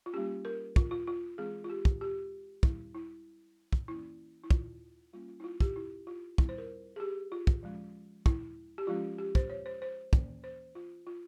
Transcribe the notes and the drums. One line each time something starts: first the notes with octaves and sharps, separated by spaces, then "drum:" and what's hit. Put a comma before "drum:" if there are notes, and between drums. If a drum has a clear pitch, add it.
F4
G3 A#3 C#4 G4
A#4
F4, drum: kick
F4
F4
E3 G#3 C4 G#4
F4
G4
drum: kick
G4
G3 C4 E4, drum: kick
E4
drum: kick
E3 A#3 C#4 E4
E4
F4, drum: kick
G3 A#3 C#4 F4
F4
E4
F4
G4, drum: kick
E4
F4
G3 C4 E4, drum: kick
C5
A#4
G#4
G4
F4
drum: kick
F3 G#3 C#4
E4, drum: kick
G4
F3 G#3 C#4 F4
G4
C5, drum: kick
C#5
C5
C5
E3 A#3 C#4, drum: kick
C5
F4
F4